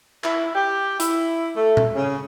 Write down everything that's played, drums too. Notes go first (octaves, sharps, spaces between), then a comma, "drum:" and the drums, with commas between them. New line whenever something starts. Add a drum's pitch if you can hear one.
E4, drum: clap
G4
E4, drum: hi-hat
A3
drum: tom A#2
C#3